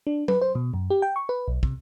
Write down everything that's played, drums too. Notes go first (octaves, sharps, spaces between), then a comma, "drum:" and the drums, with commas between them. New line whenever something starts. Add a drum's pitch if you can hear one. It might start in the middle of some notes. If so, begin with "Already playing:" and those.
D4
B4, drum: tom F#3
C5
B2
F#2
G4
G5
C#6
B4
B1
C3, drum: kick